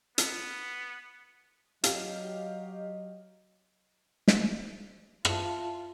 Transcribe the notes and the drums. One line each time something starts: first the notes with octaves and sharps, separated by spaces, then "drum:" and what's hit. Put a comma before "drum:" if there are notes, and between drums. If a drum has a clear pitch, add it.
B3, drum: hi-hat
F#3 G4 D#5 F5, drum: hi-hat
drum: snare
F4 E5 F5 A5, drum: rim click